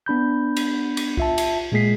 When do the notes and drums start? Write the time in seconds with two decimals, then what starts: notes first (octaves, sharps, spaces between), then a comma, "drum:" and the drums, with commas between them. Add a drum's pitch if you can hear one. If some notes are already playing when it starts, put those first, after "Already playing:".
0.06 B3 D4 B5 G6
0.57 drum: cymbal
0.97 drum: cymbal
1.17 F4 E5 A5, drum: kick
1.38 drum: cymbal
1.72 A#2 G#3 A#3 G#4 B6 C7